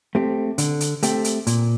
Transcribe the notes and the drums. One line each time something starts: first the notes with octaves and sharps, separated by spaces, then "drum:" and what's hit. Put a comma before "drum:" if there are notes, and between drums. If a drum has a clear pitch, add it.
A3 C4 G4
D3, drum: hi-hat
drum: hi-hat
A3 C4 G4, drum: hi-hat
drum: hi-hat
A#2, drum: hi-hat